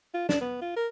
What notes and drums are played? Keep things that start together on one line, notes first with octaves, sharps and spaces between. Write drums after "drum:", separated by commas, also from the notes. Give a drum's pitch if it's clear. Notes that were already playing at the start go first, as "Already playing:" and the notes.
F4
D4, drum: snare
B3
F4
A#4